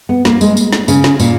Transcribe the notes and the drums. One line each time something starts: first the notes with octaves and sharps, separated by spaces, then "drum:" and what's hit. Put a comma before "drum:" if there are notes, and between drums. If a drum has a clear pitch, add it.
B3
A#3, drum: snare
G#3, drum: tambourine
drum: tambourine
drum: snare
C#3, drum: tambourine
drum: snare
A#2, drum: tambourine